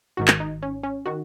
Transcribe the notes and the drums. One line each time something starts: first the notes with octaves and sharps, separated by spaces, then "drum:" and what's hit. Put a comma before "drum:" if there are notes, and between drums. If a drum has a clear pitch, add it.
G#1 G#2 D#3 F#4
drum: clap
D#4
C#4
C#4
D#3 F#4